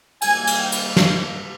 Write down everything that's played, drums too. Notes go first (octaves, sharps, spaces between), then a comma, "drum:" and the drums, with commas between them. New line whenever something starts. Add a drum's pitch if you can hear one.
C3 D#3 G3 A#3 G#5, drum: cymbal
drum: cymbal
G5
drum: cymbal
F5, drum: snare